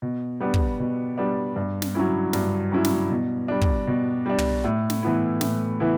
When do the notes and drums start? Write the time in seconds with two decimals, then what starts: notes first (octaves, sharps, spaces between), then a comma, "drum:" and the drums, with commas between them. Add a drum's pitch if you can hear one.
0.02 B2
0.40 G3 B3 D4
0.54 drum: kick
0.79 B2
1.18 G3 B3 D4
1.56 G2
1.82 drum: snare
1.95 F#3 C#4 E4
2.33 G2, drum: snare
2.72 F#3 C#4 E4
2.85 drum: snare
3.11 B2
3.48 G3 D4
3.61 drum: kick
3.87 B2
4.26 G3 D4
4.38 drum: tom
4.64 A2
4.90 drum: snare
5.03 E3 B3 E4
5.41 A2, drum: snare
5.80 E3 B3 E4